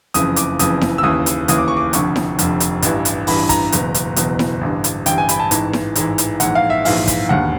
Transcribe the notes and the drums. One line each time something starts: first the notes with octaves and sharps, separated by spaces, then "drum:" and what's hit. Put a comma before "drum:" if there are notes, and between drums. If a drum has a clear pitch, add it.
F#1 F2 C#3 E3 D#6, drum: hi-hat
D6, drum: hi-hat
F#1 F2 C#3 E3 D#6, drum: hi-hat
drum: snare E4
E6
D#2 C#3 E3 D#6
drum: hi-hat
D#2 C#3 E3 D#6, drum: hi-hat
D6
C#6
D6
F1 F2 D3 C#6, drum: hi-hat
drum: snare E4
F1 F2 D3, drum: hi-hat
drum: hi-hat
A1 G2 E3, drum: hi-hat
drum: hi-hat
A1 G2 E3 B5, drum: open hi-hat
A#5, drum: kick, hi-hat
F#1 E2 B2, drum: hi-hat
drum: hi-hat
F#1 E2 B2, drum: hi-hat
drum: snare E4
A1 G2 D3
drum: hi-hat
A1 G2 D3 G5, drum: hi-hat
G#5
B5, drum: hi-hat
A5
A1 G#2 E3, drum: hi-hat
drum: snare E4
A1 G#2 E3, drum: hi-hat
drum: hi-hat
A#1 G#2 E3 F#5, drum: hi-hat
F5
E5
A#1 G#2 E3 F5, drum: open hi-hat
drum: kick, hi-hat
E1 D#2 D3 F#5